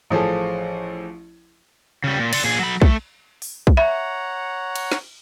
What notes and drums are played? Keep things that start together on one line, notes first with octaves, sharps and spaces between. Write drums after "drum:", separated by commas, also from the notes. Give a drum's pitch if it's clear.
A1 F3 G#4 A4
C#3 G3
A#2
D5 C6, drum: cymbal
A#2 G#4
F#3 B5
A3, drum: kick
drum: open hi-hat
drum: kick
C#5 E5 F#5 A#5
drum: cymbal
drum: snare